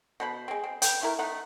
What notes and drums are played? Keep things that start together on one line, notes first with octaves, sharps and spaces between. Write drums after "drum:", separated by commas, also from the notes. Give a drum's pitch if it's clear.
B2 C5 B5
G#3 C4
C4
B4 G5, drum: hi-hat
A3 E4 A#4
A3 D#4 F#5